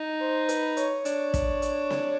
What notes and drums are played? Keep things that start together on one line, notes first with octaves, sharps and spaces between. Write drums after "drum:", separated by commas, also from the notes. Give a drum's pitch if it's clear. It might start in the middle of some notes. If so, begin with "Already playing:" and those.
Already playing: D#4
C5
B4, drum: hi-hat
C#5, drum: hi-hat
D4, drum: hi-hat
drum: kick, hi-hat
drum: hi-hat
drum: snare C4